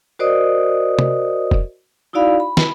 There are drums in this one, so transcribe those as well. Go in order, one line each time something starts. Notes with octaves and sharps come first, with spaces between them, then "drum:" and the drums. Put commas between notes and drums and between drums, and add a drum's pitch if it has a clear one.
F#4 A#4 C5 D5 D#5 D#6
drum: tom
drum: kick
D#4 E4 F#4 D5 F5 B5
B5
drum: snare